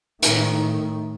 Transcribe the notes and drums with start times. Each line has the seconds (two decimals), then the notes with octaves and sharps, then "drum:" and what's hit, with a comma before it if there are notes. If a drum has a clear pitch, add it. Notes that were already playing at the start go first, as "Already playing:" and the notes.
0.22 A2 D#3, drum: hi-hat